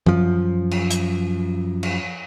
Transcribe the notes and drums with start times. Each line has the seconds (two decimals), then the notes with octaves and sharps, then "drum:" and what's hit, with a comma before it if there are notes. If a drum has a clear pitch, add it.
0.06 F#2 F3, drum: tom
0.71 drum: cymbal
0.91 drum: hi-hat
1.83 drum: cymbal